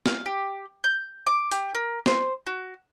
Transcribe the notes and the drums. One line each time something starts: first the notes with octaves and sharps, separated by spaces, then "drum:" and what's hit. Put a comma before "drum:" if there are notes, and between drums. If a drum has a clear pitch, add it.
F5, drum: snare
G4
G6
D6
G4, drum: hi-hat
A#4
C5, drum: snare
F#4